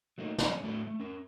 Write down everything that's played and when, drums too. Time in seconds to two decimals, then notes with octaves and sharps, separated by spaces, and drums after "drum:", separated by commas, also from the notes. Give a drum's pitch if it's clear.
0.18 F#3 A3 A#3 D#4
0.38 F2 C#4, drum: snare
0.63 A2 A3 F#4 A4 B5
0.87 A3
1.00 C#4 A#4